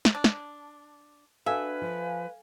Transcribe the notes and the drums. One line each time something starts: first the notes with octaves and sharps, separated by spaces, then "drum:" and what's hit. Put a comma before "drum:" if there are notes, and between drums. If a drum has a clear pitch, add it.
drum: snare
D4
drum: snare
D4 F#4 A4 B4 E5 F5 G#5
F3